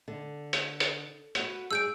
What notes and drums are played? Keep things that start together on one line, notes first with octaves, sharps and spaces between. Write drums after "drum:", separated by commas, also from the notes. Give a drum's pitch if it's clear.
D3
drum: hi-hat
drum: hi-hat
F#4 B4 F#5, drum: hi-hat
G2 G#4 G#5 E6 G6 D7